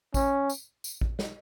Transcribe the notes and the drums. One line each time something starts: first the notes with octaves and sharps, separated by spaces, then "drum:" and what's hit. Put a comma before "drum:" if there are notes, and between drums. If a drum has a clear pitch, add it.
C#4, drum: kick A1, tambourine
drum: tambourine
drum: tambourine
drum: kick A1
drum: snare